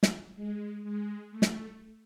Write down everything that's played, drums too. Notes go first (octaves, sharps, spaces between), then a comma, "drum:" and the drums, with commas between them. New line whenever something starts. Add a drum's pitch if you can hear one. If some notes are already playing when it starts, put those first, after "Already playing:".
drum: snare
G#3
G#3
A3
drum: snare